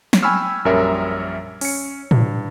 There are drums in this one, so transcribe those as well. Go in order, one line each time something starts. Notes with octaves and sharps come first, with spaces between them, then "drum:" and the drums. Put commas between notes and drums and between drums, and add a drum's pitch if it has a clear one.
drum: snare
G5 G#5 B5 C#6 E6 F6
A#1 F#2 G3 C#4 A#4 E5
C#4 C#7, drum: open hi-hat
G2, drum: tom A2